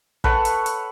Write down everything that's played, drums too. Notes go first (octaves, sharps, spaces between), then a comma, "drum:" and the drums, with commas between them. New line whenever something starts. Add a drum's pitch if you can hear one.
A4 B4 C#5 F#5, drum: kick
drum: hi-hat
drum: hi-hat